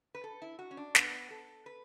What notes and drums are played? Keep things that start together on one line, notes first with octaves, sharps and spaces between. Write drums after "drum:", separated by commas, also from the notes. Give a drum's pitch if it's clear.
B4
A4
E4
F#4
C#4
D4
B3, drum: snare
A4
B4